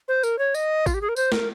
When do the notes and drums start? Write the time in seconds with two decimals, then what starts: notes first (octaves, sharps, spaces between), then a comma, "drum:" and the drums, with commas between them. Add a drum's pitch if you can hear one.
0.08 C5
0.23 A#4, drum: tambourine
0.39 C#5
0.55 D#5, drum: tambourine
0.86 F4, drum: kick G#1, tambourine
0.94 G4
1.01 G#4
1.09 A#4
1.16 C5, drum: tambourine
1.32 A#4, drum: snare